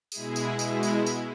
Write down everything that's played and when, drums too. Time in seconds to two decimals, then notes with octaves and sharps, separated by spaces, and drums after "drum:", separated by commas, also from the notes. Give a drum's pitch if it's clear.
0.12 B2 G#3 E4 G#4, drum: tambourine
0.36 drum: tambourine
0.59 B2 G#3 E4, drum: tambourine
0.83 drum: tambourine
1.06 drum: tambourine